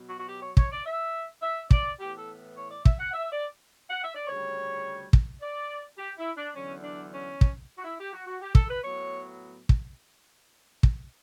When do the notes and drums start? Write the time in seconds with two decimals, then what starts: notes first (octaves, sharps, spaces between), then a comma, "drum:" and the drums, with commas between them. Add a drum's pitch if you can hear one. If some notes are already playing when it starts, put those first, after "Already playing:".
Already playing: B2 F#3 B3
0.09 F#4
0.20 F#4
0.29 G4
0.42 C#5
0.57 C#5, drum: kick
0.72 D5
0.86 E5
1.42 E5
1.71 D5, drum: kick
1.99 A2 E3 B3 G4
2.18 A4
2.57 C#5
2.71 D5
2.85 E5, drum: kick
2.99 F#5
3.14 E5
3.33 D5
3.90 F#5
4.03 E5
4.15 D5
4.27 D2 C#3 G3 C#5
5.13 drum: kick
5.42 D5
5.98 G4
6.18 E4
6.37 D4
6.55 E2 D3 F#3 C#4
6.84 D4
7.12 C#4
7.41 drum: kick
7.78 F#4
7.85 E4
8.00 G4
8.12 F#4
8.27 F#4
8.41 G4
8.55 A4, drum: kick
8.70 B4
8.83 A2 F#3 B3 C#5
9.69 drum: kick
10.83 drum: kick